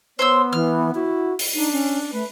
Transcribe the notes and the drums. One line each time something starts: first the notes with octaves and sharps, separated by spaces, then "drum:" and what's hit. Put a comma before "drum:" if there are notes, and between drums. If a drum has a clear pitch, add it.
B3 C5 C#5 C6 E6
E3 F6
E4 F#4
drum: open hi-hat
D4 D#4
C#4
A3 B4